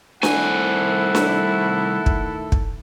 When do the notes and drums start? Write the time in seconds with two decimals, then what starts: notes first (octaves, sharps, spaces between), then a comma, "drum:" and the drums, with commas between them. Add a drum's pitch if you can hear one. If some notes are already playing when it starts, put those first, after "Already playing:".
0.23 C2 D#3 A3 E4 A4 F#5 G#5, drum: snare D4
1.15 drum: snare D4
2.06 drum: kick
2.52 drum: kick